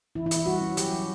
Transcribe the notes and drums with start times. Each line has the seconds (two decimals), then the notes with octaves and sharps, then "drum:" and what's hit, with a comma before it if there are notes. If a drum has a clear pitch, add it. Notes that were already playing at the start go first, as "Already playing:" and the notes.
0.15 E3 E4
0.26 E4
0.31 E3, drum: hi-hat
0.37 E4
0.46 G3 F#4
0.62 C#4
0.77 F#3 G4, drum: hi-hat
0.93 F#3